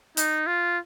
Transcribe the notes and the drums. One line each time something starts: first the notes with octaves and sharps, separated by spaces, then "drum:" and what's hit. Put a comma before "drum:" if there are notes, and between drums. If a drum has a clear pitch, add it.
D#4, drum: hi-hat
F4